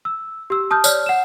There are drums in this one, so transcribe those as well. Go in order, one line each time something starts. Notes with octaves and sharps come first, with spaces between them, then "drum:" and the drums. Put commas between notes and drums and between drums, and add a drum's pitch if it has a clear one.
E6
G4 E6
A5 D#6 F6 G6
C#5 D5 F6, drum: tambourine
F#5 E7